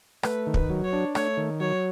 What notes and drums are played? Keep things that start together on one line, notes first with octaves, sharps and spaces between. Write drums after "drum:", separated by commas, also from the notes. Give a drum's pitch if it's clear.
A3 B4, drum: rim click
D#3
B4, drum: kick
F#3
C#5
D4
A3 C#5, drum: rim click
D#3
F#3 C#5